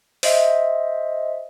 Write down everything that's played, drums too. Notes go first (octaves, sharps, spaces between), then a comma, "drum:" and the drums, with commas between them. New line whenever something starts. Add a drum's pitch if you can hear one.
C5 D#5 E5, drum: open hi-hat